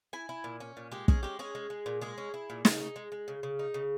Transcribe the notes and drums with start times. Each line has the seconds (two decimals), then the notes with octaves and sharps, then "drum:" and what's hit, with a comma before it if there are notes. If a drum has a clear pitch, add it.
0.13 E4 G#5
0.29 E4
0.44 A#2
0.60 C#4
0.77 A#2
0.92 G#3 G4
1.08 C#4 G#4, drum: kick
1.23 G#3 G4
1.39 C#4 G#4
1.55 G#3
1.70 G#3
1.86 A#2
2.01 G#3 G#4
2.18 C#4
2.34 E4
2.50 A#2
2.65 C#3, drum: snare
2.80 D#4
2.96 G#3
3.12 G#3
3.28 C#3
3.43 C#3
3.59 D#4
3.74 C#3